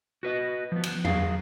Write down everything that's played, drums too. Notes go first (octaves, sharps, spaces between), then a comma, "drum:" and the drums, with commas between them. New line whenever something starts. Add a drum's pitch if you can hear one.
F#4 B4 D#5
F3 B3
drum: cymbal
F#3 G#4 F5, drum: tom E2